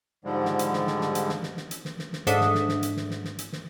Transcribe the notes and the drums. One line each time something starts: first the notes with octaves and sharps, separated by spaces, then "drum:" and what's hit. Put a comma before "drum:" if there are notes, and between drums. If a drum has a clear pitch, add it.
G#2 D3 F3 G3 G#3
drum: snare
drum: hi-hat
drum: snare
drum: snare
drum: snare
drum: hi-hat
drum: snare
drum: snare
drum: snare
drum: hi-hat
drum: snare
drum: snare
drum: snare
G#2 D4 A4 E5 D#6 B6, drum: hi-hat
drum: snare
drum: snare
drum: snare
drum: hi-hat
drum: snare
drum: snare
drum: snare
drum: hi-hat
drum: snare